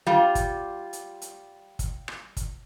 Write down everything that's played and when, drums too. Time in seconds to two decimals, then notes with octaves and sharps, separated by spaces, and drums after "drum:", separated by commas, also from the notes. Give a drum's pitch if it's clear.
0.07 G3 F4
0.35 drum: kick, hi-hat
0.93 drum: hi-hat
1.22 drum: hi-hat
1.79 drum: kick, hi-hat
2.08 drum: rim click
2.37 drum: kick, hi-hat